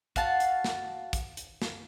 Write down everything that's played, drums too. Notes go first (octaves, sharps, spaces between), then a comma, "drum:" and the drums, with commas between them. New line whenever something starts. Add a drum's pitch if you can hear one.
F#4 F5 A5, drum: kick, hi-hat
drum: hi-hat
drum: snare
drum: kick, hi-hat
drum: hi-hat
drum: snare